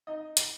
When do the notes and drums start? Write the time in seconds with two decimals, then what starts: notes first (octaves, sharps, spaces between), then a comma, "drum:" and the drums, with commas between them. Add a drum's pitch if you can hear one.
0.07 D#4 D#5
0.37 drum: hi-hat